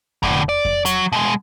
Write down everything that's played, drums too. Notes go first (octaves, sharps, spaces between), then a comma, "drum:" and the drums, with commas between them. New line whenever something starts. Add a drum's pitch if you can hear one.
A2 D3, drum: kick F2
D5
drum: kick F2
F#3, drum: hi-hat
B2 G#3